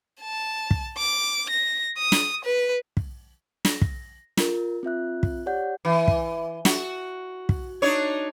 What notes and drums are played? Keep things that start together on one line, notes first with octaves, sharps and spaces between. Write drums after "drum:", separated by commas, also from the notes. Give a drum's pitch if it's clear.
A5
drum: kick
D6
A#6
D#6
drum: snare
B4
drum: kick
A#6, drum: snare
drum: kick
F4 A#4, drum: snare
C4 F4 E5 F#6
drum: kick
G4 C#5 D5 F#5 G6
E3
drum: kick
F#4, drum: snare
drum: kick
D4 D#4 C#5